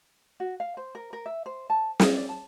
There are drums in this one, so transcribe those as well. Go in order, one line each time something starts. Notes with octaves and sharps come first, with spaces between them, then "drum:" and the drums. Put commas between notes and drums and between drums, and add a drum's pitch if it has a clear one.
F#4
F5
C5
A#4
A#4
E5
C5
A5
C#5, drum: snare
D5
A5